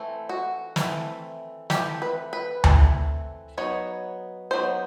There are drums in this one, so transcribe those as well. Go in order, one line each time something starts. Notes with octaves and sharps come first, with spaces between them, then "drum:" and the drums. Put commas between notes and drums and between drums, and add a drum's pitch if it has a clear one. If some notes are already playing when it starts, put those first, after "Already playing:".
Already playing: E3 A3 C4
F#4
E3 A3 C4, drum: snare
E3 A3 C4 G4, drum: snare
B4
B4
E3 A3 C4, drum: tom D2
F#3 B3 D#4 C#5
F#3 B3 D#4 C5